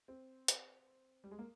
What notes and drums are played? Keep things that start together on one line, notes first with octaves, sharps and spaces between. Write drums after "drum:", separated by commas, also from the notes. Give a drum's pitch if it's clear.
C4
drum: hi-hat
G3
G#3
A#3